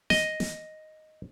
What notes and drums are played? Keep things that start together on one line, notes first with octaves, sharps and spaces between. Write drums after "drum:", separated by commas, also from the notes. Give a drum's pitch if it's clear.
D#5, drum: snare
drum: snare